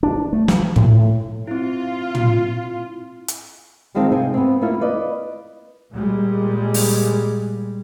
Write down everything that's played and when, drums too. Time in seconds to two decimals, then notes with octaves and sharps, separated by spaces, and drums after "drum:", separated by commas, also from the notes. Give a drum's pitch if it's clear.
0.03 D4
0.33 A3
0.48 F3, drum: snare
0.76 A2, drum: tom
1.47 C4 E4 F4
2.15 drum: tom
3.28 drum: hi-hat
3.95 D#2 D#3 G#3 C4 F4 A5
4.11 C3 F5 G5 G#5
4.34 B3 C4
4.61 A#3 C#4 E4 F4
4.81 B4 D5 D#5
5.92 A#2 G3 G#3
6.74 drum: open hi-hat